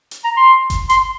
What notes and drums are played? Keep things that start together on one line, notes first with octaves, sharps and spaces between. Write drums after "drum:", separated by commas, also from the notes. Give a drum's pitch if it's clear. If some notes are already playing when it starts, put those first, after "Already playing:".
drum: hi-hat
A#5
C6
drum: kick F#1, hi-hat
C6, drum: hi-hat